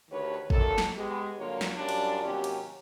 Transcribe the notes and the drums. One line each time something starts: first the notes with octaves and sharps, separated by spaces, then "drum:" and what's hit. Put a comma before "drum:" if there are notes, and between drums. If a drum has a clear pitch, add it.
D2 D#3 G4 B4 C#5
F#2 A#2 D#3 A4, drum: kick
drum: snare
G#3 B3 G4
G2 D3 F#3 A#3 F4 C#5
drum: snare
F#2 G3 C#4 D4 F4 D5
drum: cymbal
D#2 C3 F#3 C#4 G4
drum: cymbal